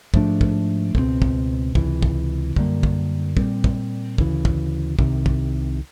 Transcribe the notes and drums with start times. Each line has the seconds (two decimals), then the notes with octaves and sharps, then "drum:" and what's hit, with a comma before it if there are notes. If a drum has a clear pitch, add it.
0.14 G#2 F3 A3 D4, drum: kick
0.41 drum: kick
0.95 C#2 B2 G#3 C4, drum: kick
1.22 drum: kick
1.75 C#2 C3 E3, drum: kick
2.03 drum: kick
2.56 F#2 D3 G3 A#3, drum: kick
2.83 drum: kick
3.37 A#2 G3 C4, drum: kick
3.64 drum: kick
4.18 D2 C#3 E3, drum: kick
4.45 drum: kick
4.99 C2 C3 D#3, drum: kick
5.26 drum: kick